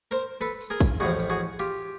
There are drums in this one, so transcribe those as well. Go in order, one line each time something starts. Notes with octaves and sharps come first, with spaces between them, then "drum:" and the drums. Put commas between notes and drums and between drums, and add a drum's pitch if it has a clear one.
A#4 C5
A4 B4, drum: tambourine
drum: tambourine
G#4 A#4
drum: kick, tambourine
A1 A2 F3 F#4 G#4
drum: tambourine
F#4 G#4
F4 G4